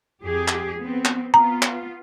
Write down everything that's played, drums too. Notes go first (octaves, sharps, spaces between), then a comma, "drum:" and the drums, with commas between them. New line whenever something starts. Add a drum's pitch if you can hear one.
F2 G4 G#4
drum: clap
B3 C4
drum: clap
B3 F4 A#5
drum: clap